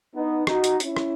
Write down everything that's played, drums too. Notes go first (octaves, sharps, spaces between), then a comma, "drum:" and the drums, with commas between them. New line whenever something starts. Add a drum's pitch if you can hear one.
B3 D#4
D#4 F#4, drum: rim click
drum: hi-hat
C#4 E4, drum: hi-hat
drum: rim click